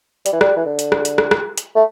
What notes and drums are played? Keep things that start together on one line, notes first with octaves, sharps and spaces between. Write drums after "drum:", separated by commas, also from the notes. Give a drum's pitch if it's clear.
G3, drum: hi-hat
E3
G3, drum: rim click
E3
D3
drum: hi-hat
drum: rim click
drum: hi-hat
drum: rim click
drum: rim click
drum: hi-hat
A3